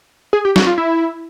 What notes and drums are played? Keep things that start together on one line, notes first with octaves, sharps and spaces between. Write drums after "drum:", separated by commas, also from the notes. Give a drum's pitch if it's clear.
G#4
G4
F#4, drum: snare
F4
E4